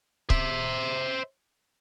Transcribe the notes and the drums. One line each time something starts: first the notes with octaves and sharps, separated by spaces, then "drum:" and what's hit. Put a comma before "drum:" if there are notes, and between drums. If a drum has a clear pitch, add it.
C5 E5, drum: kick C#1